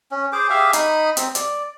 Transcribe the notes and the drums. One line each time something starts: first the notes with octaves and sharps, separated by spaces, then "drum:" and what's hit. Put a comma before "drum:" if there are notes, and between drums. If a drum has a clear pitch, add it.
C#4
G#4 C5 D6
G4 G#4 E5 F5
D#4 D#5 B5, drum: hi-hat
C4, drum: hi-hat
D5, drum: hi-hat